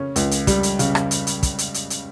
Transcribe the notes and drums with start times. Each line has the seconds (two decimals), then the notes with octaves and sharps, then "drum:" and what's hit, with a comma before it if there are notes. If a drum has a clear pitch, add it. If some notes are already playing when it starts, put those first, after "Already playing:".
Already playing: C#3 C#4
0.16 C#2, drum: hi-hat
0.31 drum: hi-hat
0.47 G3, drum: kick, hi-hat
0.63 drum: hi-hat
0.79 C#3, drum: hi-hat
0.95 drum: rim click
1.11 drum: hi-hat
1.27 drum: hi-hat
1.43 drum: kick, hi-hat
1.58 drum: hi-hat
1.74 drum: hi-hat
1.90 drum: hi-hat